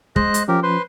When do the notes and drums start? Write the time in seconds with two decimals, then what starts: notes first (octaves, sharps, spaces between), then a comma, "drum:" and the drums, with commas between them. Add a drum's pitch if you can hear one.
0.16 G#3 C5 D#5 F#6, drum: kick
0.34 drum: hi-hat
0.48 F3 C#4 G4 A#4
0.63 B4 C5 C6